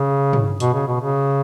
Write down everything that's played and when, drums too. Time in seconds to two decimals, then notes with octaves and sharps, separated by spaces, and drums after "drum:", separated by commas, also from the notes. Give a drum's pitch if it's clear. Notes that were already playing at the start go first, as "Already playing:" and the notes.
Already playing: C#3
0.33 drum: tom
0.60 B2, drum: hi-hat
0.73 C#3
0.87 B2
1.00 C#3